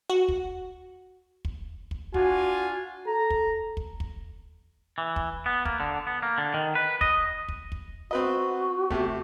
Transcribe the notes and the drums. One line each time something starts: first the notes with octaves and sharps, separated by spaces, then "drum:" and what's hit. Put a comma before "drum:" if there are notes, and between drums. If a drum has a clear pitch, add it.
F#4
drum: kick
drum: kick
drum: kick
D4 F4 F#4 G#5, drum: kick
A4 A#5
drum: kick
drum: kick
drum: kick
E3
drum: kick
B3
A#3, drum: kick
D3
B3
A#3
D3
D#3
B4
D#5, drum: kick
drum: kick
drum: kick
C4 F#4 B4 D#5
C3 A3, drum: kick